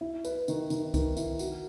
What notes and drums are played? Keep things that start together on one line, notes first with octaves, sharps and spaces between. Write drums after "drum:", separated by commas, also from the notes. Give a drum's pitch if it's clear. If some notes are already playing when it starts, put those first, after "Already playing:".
E4
B4, drum: tambourine
D#3, drum: tambourine
D#3, drum: tambourine
D#3, drum: kick C2, tambourine
E4, drum: tambourine
F#4, drum: tambourine